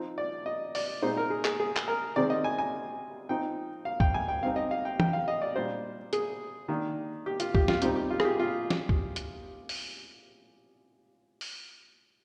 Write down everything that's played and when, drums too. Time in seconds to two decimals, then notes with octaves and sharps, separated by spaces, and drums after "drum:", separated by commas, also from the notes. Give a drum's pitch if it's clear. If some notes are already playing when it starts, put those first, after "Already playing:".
Already playing: F3 C4 D#4
0.18 D5
0.46 D#5
0.75 D5, drum: open hi-hat
1.02 A#2 G#3 C4 D#4 C5
1.17 A#4
1.30 G#4
1.45 G#4, drum: clap
1.60 G#4
1.76 drum: clap
1.88 A#4
2.16 C3 D#3 G#3 C4 D5
2.30 D#5
2.44 G#5
2.58 G#5
3.29 F3 C4 D#4 G5
3.85 F5
4.00 G5, drum: kick
4.14 G#5
4.28 G5
4.43 C3 G3 C4 D#4 F5
4.56 D#5
4.71 F5
4.85 G5
5.00 G5, drum: tom
5.13 F5
5.28 D#5
5.42 D5
5.56 A#2 G3 D4 C5
6.13 G#4, drum: hi-hat
6.68 D#3 A#3 D4
7.26 G4
7.40 F4, drum: hi-hat
7.55 G4, drum: kick
7.68 F4, drum: snare
7.82 C3 G3 C4 D#4 G4, drum: hi-hat
7.96 G4
8.10 F4
8.20 G#4, drum: rim click
8.25 G4
8.39 F4
8.70 drum: snare
8.89 drum: kick
9.16 drum: hi-hat
9.69 drum: open hi-hat
11.41 drum: open hi-hat